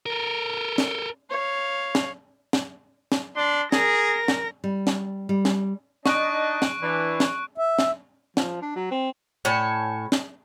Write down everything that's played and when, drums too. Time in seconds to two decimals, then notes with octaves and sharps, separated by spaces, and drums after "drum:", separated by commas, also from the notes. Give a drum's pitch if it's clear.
0.06 A4 A#4
0.78 drum: snare
1.30 C#5 F5
1.95 drum: snare
2.53 drum: snare
3.12 drum: snare
3.36 D4 C6
3.72 G#4 A#4 A#6, drum: snare
4.28 drum: snare
4.64 G3
4.87 drum: snare
5.29 G3
5.45 drum: snare
6.06 D4 D#4 D#5 C#6 F#6 D7, drum: snare
6.62 drum: snare
6.81 E3 D4
7.20 drum: snare
7.58 E5
7.79 drum: snare
8.37 F3, drum: snare
8.62 D4
8.76 F#3
8.91 C4
9.45 A2 C#4 C#5 A5
10.12 drum: snare